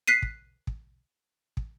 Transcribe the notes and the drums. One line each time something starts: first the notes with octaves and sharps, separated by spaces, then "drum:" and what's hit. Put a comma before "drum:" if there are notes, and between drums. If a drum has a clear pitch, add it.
F#6 B6 C7 D#7
drum: kick
drum: kick
drum: kick